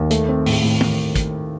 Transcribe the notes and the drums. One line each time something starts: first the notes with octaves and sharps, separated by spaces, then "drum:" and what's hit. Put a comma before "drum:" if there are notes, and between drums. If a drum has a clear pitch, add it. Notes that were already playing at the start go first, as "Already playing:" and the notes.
Already playing: D#2
A3, drum: hi-hat
C4
A2, drum: open hi-hat
A2
drum: tom
drum: kick, hi-hat